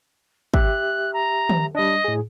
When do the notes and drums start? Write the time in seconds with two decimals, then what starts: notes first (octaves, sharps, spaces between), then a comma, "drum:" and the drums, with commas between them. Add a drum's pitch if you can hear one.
0.54 G4 E5 F#6, drum: kick
1.13 A#5
1.49 drum: tom
1.75 G3 D4 D#5
2.04 A2 G#4